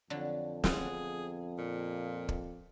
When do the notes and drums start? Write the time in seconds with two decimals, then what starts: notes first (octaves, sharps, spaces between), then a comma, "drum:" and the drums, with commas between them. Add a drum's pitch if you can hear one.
0.10 F2 D3 F#3
0.64 B3 G#4 C6, drum: snare
1.58 A#2
2.29 drum: kick